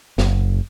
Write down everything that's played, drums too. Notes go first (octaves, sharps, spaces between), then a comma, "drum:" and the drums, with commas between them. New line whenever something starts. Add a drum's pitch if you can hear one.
F#1, drum: snare